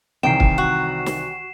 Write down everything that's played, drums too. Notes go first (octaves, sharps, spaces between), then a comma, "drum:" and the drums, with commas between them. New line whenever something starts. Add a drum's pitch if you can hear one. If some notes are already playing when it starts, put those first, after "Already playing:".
C2 D#3 E3 G5 C7 E7
drum: kick
F#4
drum: snare